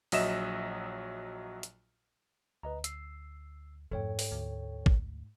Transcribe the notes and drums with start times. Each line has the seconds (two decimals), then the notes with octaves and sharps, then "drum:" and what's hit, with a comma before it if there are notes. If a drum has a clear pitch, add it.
0.12 A#1 F#3 D#5 E5 E7, drum: open hi-hat
1.63 drum: hi-hat
2.63 D2 B4 D#5 A#5
2.84 E6 C7, drum: hi-hat
3.91 F2 G#2 A3 A4 C#5 G5
4.19 drum: open hi-hat
4.32 D2
4.86 drum: kick